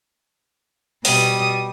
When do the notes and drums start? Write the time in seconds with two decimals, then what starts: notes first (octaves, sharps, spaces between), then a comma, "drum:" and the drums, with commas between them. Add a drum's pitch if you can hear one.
1.05 B2 G3 D#6, drum: open hi-hat